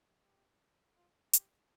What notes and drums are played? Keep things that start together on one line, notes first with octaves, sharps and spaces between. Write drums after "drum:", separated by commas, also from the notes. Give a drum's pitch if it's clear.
G4
F4
G4, drum: hi-hat